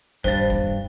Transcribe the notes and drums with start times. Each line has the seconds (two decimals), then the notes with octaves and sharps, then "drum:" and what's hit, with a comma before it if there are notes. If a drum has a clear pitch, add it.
0.24 G2 C5 A6, drum: kick
0.50 drum: kick